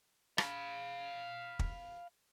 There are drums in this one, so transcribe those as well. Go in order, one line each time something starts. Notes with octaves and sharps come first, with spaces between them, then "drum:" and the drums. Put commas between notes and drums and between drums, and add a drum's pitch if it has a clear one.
F5 B5, drum: rim click
drum: kick